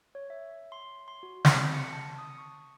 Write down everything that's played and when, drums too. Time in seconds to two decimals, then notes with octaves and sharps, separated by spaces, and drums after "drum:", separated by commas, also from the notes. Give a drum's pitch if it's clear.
0.15 C#5
0.30 E5
0.72 C6
1.08 C6
1.23 F#4
1.45 C4, drum: snare
1.74 C#7
1.93 A5
2.18 D#6
2.38 C#6